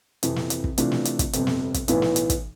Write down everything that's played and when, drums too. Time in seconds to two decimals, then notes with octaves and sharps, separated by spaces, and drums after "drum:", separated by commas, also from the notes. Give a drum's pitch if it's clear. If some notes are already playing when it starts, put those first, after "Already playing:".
0.23 F2 C3 E3, drum: hi-hat
0.36 drum: snare
0.50 drum: hi-hat
0.64 drum: kick
0.78 C3 E3 A3 D4 F4, drum: hi-hat
0.92 drum: snare
1.05 drum: hi-hat
1.19 drum: kick, hi-hat
1.33 G1 F2 C3, drum: hi-hat
1.47 drum: snare
1.74 drum: kick, hi-hat
1.88 B1 A2 E3 B3, drum: hi-hat
2.02 drum: snare
2.16 drum: hi-hat
2.30 drum: kick, hi-hat